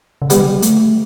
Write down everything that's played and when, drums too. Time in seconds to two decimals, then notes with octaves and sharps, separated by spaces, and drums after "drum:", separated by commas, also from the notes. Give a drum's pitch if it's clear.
0.22 C#3
0.30 D3 G3 B3, drum: hi-hat
0.40 F#3
0.62 A3, drum: hi-hat